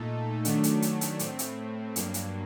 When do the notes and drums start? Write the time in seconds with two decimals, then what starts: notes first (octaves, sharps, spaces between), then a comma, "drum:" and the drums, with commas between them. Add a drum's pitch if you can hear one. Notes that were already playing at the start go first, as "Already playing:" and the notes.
Already playing: A#2 A3 D#4 A4
0.45 D#3 F#3 A3 D4, drum: hi-hat
0.64 drum: hi-hat
0.82 drum: hi-hat
1.01 drum: hi-hat
1.19 A2 A3 C4, drum: hi-hat
1.39 drum: hi-hat
1.96 G2 F#3 A#3 D4, drum: hi-hat
2.14 drum: hi-hat